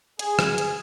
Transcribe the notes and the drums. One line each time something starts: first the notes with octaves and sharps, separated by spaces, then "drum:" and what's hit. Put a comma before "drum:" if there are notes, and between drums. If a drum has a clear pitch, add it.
G#4, drum: hi-hat
drum: rim click
drum: hi-hat